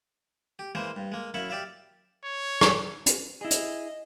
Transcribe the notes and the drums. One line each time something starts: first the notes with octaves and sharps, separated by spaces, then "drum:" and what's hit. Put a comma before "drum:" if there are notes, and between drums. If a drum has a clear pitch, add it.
G4
E3 G#3 A#3 C5
G2
G#3 A#3
F#2 E4 E5 F5 B5 C#6
G4 D5 E5 F5
C#5
drum: rim click
drum: hi-hat
E4 G#4 D#5
drum: hi-hat